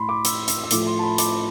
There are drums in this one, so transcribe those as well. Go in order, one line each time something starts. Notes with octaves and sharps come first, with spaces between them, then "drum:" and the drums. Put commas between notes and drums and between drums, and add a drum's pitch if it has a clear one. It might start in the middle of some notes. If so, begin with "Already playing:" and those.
Already playing: A2 A3 B5 C6
D6
E6, drum: hi-hat
E6, drum: hi-hat
E6
A2 F3 A3 D6, drum: hi-hat
C6
A5
B5
D6, drum: hi-hat